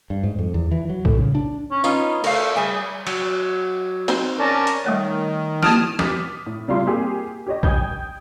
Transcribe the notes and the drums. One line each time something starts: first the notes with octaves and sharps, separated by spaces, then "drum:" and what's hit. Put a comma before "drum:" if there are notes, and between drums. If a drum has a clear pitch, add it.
G2
G#2
F2
E2
E3
F#3
A2, drum: kick
C#3
D4
C#4
B3 C#4 D#4 F4, drum: tambourine
A3 A#4 F5, drum: cymbal
G3 G#4 E5 G#5
F#3, drum: cymbal
C4 D#4 C5, drum: cymbal
C#4 A#4 D5 A5
drum: hi-hat
D#3 G3 A3 C#5
A#3 E4 A5 D#6 F6, drum: snare
D6 D#6 F6 A6 B6, drum: snare
A2
C3 G3 E4 F4 F5 C6
A#3 C4 G4 G#4
G4 C#5 D#5
G5 G#5 D#6 G6 G#6, drum: kick